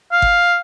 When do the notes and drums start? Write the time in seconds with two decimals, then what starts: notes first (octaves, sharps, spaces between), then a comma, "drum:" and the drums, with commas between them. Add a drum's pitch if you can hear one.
0.12 F5
0.22 drum: kick G1